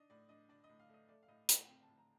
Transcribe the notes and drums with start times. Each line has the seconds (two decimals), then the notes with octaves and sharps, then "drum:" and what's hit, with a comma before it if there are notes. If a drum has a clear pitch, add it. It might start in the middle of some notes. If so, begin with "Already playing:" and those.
Already playing: D4 D#4 D#5
0.10 A2 D5
0.29 D4 D#5
0.49 D4 D5
0.64 D#5
0.69 A2
0.79 F5
0.89 A3 D#5
1.09 A3 D5
1.23 F5
1.28 A2 D#5
1.49 A2 F5, drum: hi-hat
1.68 C4 G5
1.83 A5
1.88 A2
1.98 A#5